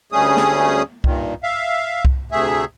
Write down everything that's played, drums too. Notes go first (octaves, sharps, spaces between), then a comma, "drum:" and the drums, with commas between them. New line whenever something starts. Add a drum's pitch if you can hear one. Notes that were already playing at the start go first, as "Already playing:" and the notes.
D2 G3 A3 C#4 G#4 D#6
drum: snare
G2 A#2 D#3, drum: kick C2
E5 F5
drum: kick C2
D2 C3 A3 G#4 E5